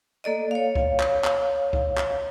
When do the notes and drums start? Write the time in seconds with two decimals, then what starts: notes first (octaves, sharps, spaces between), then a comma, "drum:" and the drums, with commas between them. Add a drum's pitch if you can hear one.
0.24 A#3 A4 D5 D#5
0.51 C#5 F5
0.75 drum: kick
1.00 drum: clap
1.24 drum: clap
1.73 drum: kick
1.98 drum: clap